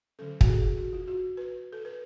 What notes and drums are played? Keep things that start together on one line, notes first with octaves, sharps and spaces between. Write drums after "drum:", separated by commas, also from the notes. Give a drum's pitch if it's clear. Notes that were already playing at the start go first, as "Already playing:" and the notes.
D3 F#3 C#4 A4
F#4, drum: kick
G#4
F#4
F4
F#4
B4
A4
B4